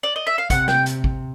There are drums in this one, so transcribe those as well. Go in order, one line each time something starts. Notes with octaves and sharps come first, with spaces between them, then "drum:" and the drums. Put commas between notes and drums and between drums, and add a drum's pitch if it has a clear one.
D5
D#5
E5
F5
C3 F#5, drum: kick, hi-hat
G5, drum: snare
drum: hi-hat
drum: kick